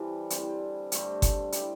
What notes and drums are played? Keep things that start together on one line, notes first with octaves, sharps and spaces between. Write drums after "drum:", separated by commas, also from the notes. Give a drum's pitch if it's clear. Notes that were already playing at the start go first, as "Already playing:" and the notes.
Already playing: E3 G3 C4 A4
D3 G3 C4 E4, drum: hi-hat
G2 D3 A3 C4, drum: hi-hat
drum: kick G1, hi-hat
G3 E4 G4, drum: hi-hat